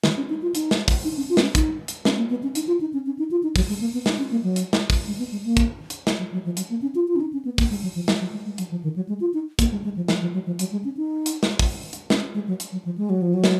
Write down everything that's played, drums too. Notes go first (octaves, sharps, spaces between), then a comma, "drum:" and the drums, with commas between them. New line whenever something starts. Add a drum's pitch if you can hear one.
D#3, drum: snare
C#4
D#4
F4
D#4, drum: hi-hat
drum: snare
drum: kick, open hi-hat
D#4
C#4
F4
B3, drum: snare
C#4
D#4, drum: kick, hi-hat
drum: hi-hat
C#4, drum: snare
A#3
B3
C#4
D#4, drum: hi-hat
F4
D#4
C#4
C#4
D#4
F4
D#4
F#3, drum: kick, open hi-hat
G#3
A#3
B3
D#4, drum: snare
C#4
A#3
F#3
drum: hi-hat
drum: snare
drum: kick, open hi-hat
G#3
B3
G#3
A#3
drum: kick, hi-hat
drum: hi-hat
G#3, drum: snare
F#3
F#3
F3
F#3, drum: hi-hat
A#3
C#4
F4
F4
C#4
D#4
C#4
B3
A#3, drum: kick, open hi-hat
G#3
F#3
F3
F#3, drum: snare
F#3
G#3
G#3
F#3, drum: hi-hat
F3
D#3
F#3
G#3
F4
D#4
A#3, drum: kick, hi-hat
G#3
G#3
F3
F3, drum: snare
F3
F#3
F3
F#3, drum: hi-hat
G#3
C#4
D#4
drum: hi-hat
drum: snare
drum: kick, open hi-hat
drum: hi-hat
C#4, drum: snare
G#3
F#3
drum: hi-hat
F#3
F3
G#3
F#3
F3
F#3
drum: snare